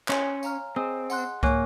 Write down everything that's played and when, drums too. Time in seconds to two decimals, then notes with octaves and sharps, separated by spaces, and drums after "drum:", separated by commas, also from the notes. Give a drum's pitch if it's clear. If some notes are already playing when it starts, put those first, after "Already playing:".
0.08 C#4 C#5 G#5 C6, drum: clap
0.43 F5 A#5 F6, drum: tambourine
0.76 C4 G#4 D#5 G#5 D#6
1.10 F#5 C6 F#6, drum: tambourine
1.43 A#3 C#5 G#5 C#6 F#6, drum: kick C2